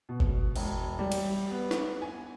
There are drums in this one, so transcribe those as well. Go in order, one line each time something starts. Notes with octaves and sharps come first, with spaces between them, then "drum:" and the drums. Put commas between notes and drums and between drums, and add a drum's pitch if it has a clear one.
B2
drum: kick G1
E1, drum: cymbal
G3
drum: cymbal
B3
drum: snare
G#5